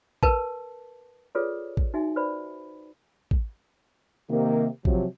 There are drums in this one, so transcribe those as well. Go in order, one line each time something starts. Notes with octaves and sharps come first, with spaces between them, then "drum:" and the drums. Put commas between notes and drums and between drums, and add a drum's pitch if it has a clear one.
A#4 B4 A5, drum: kick A1
F4 G#4 A4 B4 C#5 D5
drum: kick A1
D#4 F#4 E5 G#5
B4 C5 D5 B5
drum: kick A1
C3 D#3 A#3
C3 F3 F#3, drum: kick A1